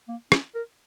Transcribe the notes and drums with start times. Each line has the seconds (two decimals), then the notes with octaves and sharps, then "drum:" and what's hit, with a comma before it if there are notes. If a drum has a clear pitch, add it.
0.09 A#3
0.32 C#4, drum: rim click
0.55 A#4